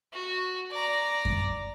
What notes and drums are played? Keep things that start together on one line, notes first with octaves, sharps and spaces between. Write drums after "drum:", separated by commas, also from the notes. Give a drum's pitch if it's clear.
F#4
D5 A#5
drum: kick F#2